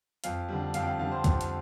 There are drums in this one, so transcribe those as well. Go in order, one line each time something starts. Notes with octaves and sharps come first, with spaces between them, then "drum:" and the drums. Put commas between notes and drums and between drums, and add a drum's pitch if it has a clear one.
F2 F5, drum: hi-hat
D3 G3
F2 F5, drum: hi-hat
G5
F5
D3 G3 F5
C5
F2, drum: kick, hi-hat
drum: hi-hat